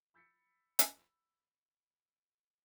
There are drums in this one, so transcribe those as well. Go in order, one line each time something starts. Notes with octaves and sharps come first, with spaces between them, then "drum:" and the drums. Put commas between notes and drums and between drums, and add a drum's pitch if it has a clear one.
B5 E6 G6 A6 B6 C#7
drum: hi-hat